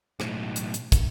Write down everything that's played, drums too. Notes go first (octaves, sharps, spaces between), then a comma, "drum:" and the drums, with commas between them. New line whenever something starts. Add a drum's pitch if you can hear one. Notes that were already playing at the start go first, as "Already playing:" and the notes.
B1 A2, drum: rim click
drum: hi-hat
drum: hi-hat
drum: kick, hi-hat